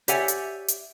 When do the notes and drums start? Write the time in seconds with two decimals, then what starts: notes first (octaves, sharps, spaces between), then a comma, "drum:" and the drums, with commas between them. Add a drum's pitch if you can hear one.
0.08 G4 C#5 D5 E5 F#5 G#5, drum: hi-hat
0.28 drum: hi-hat
0.68 drum: hi-hat